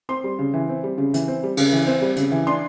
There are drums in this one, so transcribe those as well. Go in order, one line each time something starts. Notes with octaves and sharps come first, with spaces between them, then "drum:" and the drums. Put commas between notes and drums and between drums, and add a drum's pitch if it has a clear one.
C4 C6
G3
C#3
E3
C4
G3
C#3
E3, drum: hi-hat
C4
G3
C#3, drum: cymbal
E3
C4
G3
C#3, drum: hi-hat
E3
D4 C6